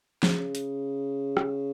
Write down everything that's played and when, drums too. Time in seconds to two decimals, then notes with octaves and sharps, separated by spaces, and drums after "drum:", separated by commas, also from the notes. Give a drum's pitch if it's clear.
0.23 C#3, drum: snare F3
0.55 drum: hi-hat
1.37 drum: rim click